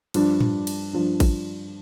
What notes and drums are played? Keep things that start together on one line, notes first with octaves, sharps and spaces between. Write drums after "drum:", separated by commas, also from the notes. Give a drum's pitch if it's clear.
G2 F3 D4, drum: cymbal
drum: tom A2
drum: cymbal
G2 F3 D4
drum: kick A1, cymbal